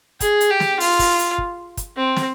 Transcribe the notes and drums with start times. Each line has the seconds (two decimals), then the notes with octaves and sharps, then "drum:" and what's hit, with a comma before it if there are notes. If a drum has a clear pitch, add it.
0.20 G#4, drum: kick, hi-hat
0.41 drum: hi-hat
0.50 G4
0.60 drum: snare
0.80 F4, drum: open hi-hat
0.99 drum: kick, open hi-hat
1.19 drum: hi-hat
1.38 drum: kick
1.77 drum: kick, hi-hat
1.97 C4
2.16 drum: snare